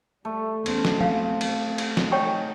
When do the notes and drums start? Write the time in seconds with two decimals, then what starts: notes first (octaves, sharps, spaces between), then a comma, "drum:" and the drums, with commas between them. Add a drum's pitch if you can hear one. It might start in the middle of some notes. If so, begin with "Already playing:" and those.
0.25 G3 A3
0.66 E2 C#4 C5, drum: cymbal
0.85 drum: snare
1.01 C4 F5, drum: tom
1.41 drum: cymbal
1.78 drum: cymbal
1.97 drum: snare
2.12 D#4 C#5 G5 C#6